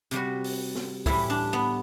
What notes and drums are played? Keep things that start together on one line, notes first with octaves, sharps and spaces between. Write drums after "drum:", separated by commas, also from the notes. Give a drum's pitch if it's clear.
C3 G3 F#4, drum: hi-hat
drum: open hi-hat
drum: snare
A2 E3 G3 E4, drum: kick, open hi-hat
D4
B3